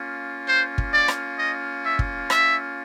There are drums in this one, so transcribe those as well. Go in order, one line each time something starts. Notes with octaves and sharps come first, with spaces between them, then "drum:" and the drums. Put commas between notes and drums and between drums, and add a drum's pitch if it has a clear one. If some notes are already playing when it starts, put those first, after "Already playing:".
Already playing: A#3 C#4 F4
C5
drum: kick
D5
drum: rim click
D#5
E5
drum: kick
E5, drum: rim click